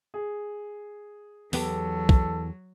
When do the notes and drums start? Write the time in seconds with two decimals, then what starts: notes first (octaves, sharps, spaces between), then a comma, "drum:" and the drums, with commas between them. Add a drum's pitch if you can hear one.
0.14 G#4
1.53 E2 F#3 B3 G4 A4, drum: open hi-hat
2.09 drum: kick